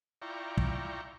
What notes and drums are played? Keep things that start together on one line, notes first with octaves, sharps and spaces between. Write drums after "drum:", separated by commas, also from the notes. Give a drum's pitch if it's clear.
E4 F4 D5 G5 A#5 C#6
drum: kick